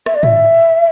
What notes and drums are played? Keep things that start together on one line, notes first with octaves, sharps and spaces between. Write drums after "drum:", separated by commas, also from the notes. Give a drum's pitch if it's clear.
E5, drum: rim click
D5
E5, drum: tom G#2